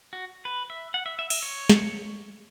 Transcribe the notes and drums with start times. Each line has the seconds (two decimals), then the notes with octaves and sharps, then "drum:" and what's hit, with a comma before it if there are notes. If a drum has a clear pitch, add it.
0.13 F#4
0.45 B4
0.70 E5
0.94 F#5
1.06 E5
1.19 E5
1.30 E5, drum: cymbal
1.43 C#5
1.70 drum: snare